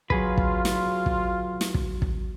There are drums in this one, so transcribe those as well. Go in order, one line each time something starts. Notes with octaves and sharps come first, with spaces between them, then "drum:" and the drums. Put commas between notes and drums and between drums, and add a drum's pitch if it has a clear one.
F#3 F4 G#4 B4, drum: kick
drum: kick
drum: snare
drum: kick
drum: snare
drum: kick
drum: kick